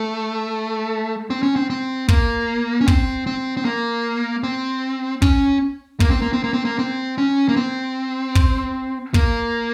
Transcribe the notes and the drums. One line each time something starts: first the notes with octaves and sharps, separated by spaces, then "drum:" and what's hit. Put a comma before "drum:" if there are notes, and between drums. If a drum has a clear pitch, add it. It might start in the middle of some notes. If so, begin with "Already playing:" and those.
Already playing: A3
C4
C#4
C4
C4
A#3, drum: kick
C#4
C4, drum: kick
C4
C4
A#3
C4
C#4, drum: kick
A#3, drum: kick
C4
A#3
C4
A#3
C4
A#3
C4
C#4
A#3
C4
drum: kick
A#3, drum: kick